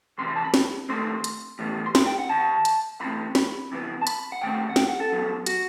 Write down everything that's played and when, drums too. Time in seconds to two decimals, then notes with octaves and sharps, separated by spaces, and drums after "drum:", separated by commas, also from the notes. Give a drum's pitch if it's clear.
0.18 E2 C3 E3 C6
0.28 B5
0.36 A5
0.44 B5
0.54 drum: snare
0.89 D#2 D#3 A3 C4 C6
1.24 drum: hi-hat
1.59 A2 E3 G3 B3
1.86 C6
1.95 B5, drum: snare
2.06 G5
2.19 F#5
2.29 D#2 D#3 A5
2.65 drum: hi-hat
3.00 F#2 E3 A3 C4 B5
3.35 B5, drum: snare
3.71 C2 C3 E3 B3
4.02 A5
4.07 B5, drum: hi-hat
4.32 F#5
4.41 D#2 D#3 A3 C4 G5
4.70 F#5
4.76 G5, drum: snare
4.89 F#5
5.00 A4
5.12 G2 F#3 B3
5.46 F#4, drum: hi-hat